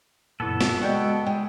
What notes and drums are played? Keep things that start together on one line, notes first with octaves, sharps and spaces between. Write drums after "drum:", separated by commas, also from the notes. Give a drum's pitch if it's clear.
F#2 A#2 C#3 B3 E4 A4 E6
drum: snare
G#3 F#4 D5 D#5 G5 G6
G#3 G5